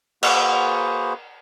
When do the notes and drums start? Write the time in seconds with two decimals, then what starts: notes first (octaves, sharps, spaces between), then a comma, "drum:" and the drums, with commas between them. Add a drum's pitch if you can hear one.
0.23 A#3 F#4 G#4 B4 C5 F#5, drum: cymbal